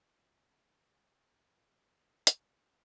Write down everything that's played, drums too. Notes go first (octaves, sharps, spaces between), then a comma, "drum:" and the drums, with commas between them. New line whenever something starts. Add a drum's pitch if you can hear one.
B5
B2 F#3 B3 A#5
G#5
B5
A#5
D#3 G#3 B3 D#4 F#5
G#5
F#5
F3 G#3 B3 A#5
G#5
G#5
drum: hi-hat